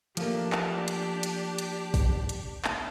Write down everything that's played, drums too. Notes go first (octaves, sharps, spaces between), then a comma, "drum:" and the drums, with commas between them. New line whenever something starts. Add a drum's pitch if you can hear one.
F3 A3 A#3 D4 G4, drum: hi-hat
drum: clap
drum: hi-hat
drum: hi-hat
drum: hi-hat
drum: kick, open hi-hat
drum: hi-hat
drum: clap